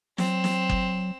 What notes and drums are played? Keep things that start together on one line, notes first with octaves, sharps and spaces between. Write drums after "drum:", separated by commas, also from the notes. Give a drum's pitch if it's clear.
F#3 C4 E7, drum: snare
drum: snare
drum: kick F#1